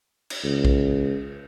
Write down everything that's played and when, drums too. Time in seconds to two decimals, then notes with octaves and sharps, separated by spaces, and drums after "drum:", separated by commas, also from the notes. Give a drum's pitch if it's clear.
0.30 drum: cymbal
0.44 C#2
0.65 drum: kick A#1